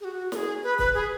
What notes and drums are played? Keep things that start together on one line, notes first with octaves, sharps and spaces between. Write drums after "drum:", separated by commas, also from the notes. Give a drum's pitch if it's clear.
G#4
F#4
A#4, drum: snare
G#4
B4
B4, drum: kick
G#4